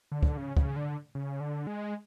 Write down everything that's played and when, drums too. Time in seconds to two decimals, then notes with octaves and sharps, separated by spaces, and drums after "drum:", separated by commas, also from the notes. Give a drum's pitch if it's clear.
0.12 D3
0.23 drum: kick
0.37 C#3
0.57 C#3, drum: kick
0.76 D3
1.15 C#3
1.40 D3
1.67 G#3